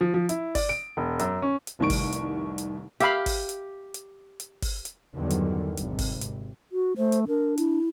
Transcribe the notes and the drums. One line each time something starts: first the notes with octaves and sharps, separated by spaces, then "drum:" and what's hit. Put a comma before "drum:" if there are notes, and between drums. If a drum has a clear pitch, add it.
F3
F3
E4, drum: hi-hat
D5, drum: kick G1, open hi-hat
D7
E1
F#2, drum: hi-hat
C#4
drum: hi-hat
F1 C2 D#3 C#6 D7
drum: kick G1, open hi-hat
drum: hi-hat
drum: hi-hat
G4 E5 F5 B5, drum: hi-hat
drum: kick G1, open hi-hat
drum: hi-hat
drum: hi-hat
drum: hi-hat
drum: kick G1, open hi-hat
drum: hi-hat
E2 G2 D3 D#3 F#3 G3
drum: hi-hat
G#1 C3, drum: hi-hat
drum: kick G1, open hi-hat
drum: hi-hat
F#4
A3 C5
drum: hi-hat
D4 A#4
E4, drum: hi-hat